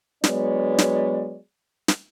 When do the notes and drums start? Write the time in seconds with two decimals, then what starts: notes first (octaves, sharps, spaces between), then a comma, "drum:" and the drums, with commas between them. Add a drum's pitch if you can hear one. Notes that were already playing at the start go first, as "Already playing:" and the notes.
0.24 F#3 G#3 B3 D4 C#5 D5, drum: snare
0.78 drum: snare
1.88 drum: snare